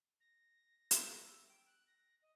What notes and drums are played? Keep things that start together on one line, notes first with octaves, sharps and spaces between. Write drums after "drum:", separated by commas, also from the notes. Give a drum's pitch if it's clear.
A#6
drum: hi-hat
E6
G5
F#6
A#6
D#5